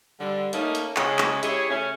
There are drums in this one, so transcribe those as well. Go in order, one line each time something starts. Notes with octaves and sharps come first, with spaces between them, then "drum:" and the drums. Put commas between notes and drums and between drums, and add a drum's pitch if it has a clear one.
D3 G3
A3 A#3 C#4 D#4, drum: hi-hat
drum: hi-hat
C#3 G#3, drum: clap
drum: clap
E4 G4 G#4 C#5, drum: hi-hat
C#3 A3 C#4